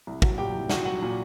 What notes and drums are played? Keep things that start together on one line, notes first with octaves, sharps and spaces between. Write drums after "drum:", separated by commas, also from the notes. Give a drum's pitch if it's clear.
C2
F#3, drum: kick
A#2 G4 G5
C2
C2 F#4 F#5, drum: snare
F#3 F#4 F#5
A#2